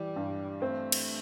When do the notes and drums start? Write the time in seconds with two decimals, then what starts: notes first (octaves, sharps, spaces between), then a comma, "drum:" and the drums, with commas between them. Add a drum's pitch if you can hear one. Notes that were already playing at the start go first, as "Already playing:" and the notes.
Already playing: E3 G3
0.16 G2
0.61 A3 C4
0.92 drum: cymbal